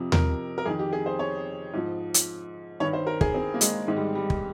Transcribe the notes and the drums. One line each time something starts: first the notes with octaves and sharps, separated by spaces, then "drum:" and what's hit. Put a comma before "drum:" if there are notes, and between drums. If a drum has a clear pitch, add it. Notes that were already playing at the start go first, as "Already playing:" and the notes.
Already playing: F2 C3 F3
A#4, drum: tom D#2
A#4
F2 D#3 G#4
G4
G#4
C5
C#5
G#2 F3
drum: hi-hat
G2 D#3 C#5
C5
A#4
G#4, drum: kick
C4
A#3
G#3, drum: hi-hat
G#2 D#3 G#3
G3
G3
drum: kick